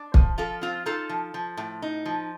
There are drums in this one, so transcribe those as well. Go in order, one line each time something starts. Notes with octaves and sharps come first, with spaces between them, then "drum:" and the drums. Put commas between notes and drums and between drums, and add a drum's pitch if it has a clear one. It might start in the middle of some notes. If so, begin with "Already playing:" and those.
Already playing: D4
F3, drum: kick
F3 F4 A4
C4 F4
D#4 F4 A4
F3
F3
A2
D#4
F3